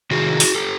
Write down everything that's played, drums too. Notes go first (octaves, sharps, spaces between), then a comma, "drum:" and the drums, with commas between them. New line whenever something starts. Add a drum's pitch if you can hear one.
C3 D#3 F#4 G#4
drum: open hi-hat
G4 A4